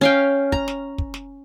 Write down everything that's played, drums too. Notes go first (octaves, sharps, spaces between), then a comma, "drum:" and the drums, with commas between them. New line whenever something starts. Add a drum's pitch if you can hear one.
C#4 F5 G5
A#5, drum: kick
drum: snare
drum: kick
drum: snare